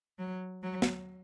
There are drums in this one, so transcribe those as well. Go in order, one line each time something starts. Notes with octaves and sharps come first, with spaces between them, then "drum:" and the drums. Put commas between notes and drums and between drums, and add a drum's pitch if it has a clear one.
F#3
F#3
drum: snare